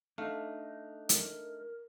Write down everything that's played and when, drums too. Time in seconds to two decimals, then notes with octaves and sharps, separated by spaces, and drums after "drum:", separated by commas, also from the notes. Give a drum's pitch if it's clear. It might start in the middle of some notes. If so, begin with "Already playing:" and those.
0.18 A3 D4 D#4 F5
1.09 A#4, drum: hi-hat